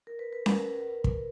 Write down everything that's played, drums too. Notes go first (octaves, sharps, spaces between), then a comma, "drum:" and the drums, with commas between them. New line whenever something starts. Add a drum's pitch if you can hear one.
A#4
B4
B4
A#4, drum: snare C#4
drum: kick